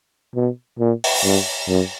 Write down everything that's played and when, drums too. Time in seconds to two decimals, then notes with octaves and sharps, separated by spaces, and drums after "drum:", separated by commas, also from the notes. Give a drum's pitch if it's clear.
0.35 B2
0.79 A#2
1.04 drum: open hi-hat
1.24 G2
1.68 F#2